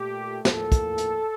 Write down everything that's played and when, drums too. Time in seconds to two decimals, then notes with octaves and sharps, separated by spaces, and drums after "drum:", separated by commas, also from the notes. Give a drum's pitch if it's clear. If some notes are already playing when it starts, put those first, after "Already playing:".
Already playing: A#2 A3 G4
0.45 A2 F3 A#3 A4, drum: snare
0.72 drum: kick, hi-hat
0.98 drum: hi-hat